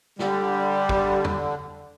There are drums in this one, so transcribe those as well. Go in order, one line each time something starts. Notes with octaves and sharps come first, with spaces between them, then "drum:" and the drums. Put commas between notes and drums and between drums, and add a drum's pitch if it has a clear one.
D3 G3, drum: snare
drum: kick
drum: tom E2